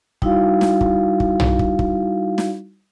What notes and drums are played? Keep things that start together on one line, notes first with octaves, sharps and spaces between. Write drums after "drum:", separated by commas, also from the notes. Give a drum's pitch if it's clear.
G3 D#4 E4 F#4 F5, drum: kick
drum: snare
drum: kick
drum: kick
drum: tom
drum: kick
drum: kick
drum: snare